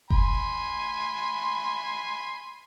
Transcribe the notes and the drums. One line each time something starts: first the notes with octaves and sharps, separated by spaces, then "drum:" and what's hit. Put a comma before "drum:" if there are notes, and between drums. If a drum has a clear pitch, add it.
G#5 B5 C6, drum: kick F#1